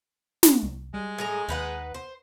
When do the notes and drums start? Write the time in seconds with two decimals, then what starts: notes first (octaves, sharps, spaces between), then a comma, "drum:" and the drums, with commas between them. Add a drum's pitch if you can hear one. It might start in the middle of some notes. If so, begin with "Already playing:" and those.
0.43 drum: snare
0.63 C2
0.94 G3 G#3
1.18 A2 G#4 A#5
1.49 D#2 D#4 B4 F#5
1.94 C5